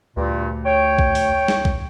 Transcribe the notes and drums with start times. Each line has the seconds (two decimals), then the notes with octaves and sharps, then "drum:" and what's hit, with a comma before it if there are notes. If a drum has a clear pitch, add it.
0.17 D2 G2 A#2
0.65 C#5 G5
0.99 drum: kick
1.15 drum: open hi-hat
1.48 drum: snare
1.65 drum: kick